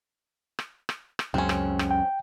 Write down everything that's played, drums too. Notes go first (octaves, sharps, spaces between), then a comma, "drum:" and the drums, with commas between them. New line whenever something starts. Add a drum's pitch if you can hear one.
drum: rim click
drum: rim click
drum: rim click
C#2 F#2 C#3 C4 C#4
drum: rim click
drum: rim click
G5